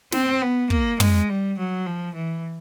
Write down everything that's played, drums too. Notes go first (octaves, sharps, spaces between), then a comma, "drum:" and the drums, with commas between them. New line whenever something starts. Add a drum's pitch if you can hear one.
C4, drum: snare
B3
A#3, drum: kick
G#3, drum: tom
G3
F#3
F3
E3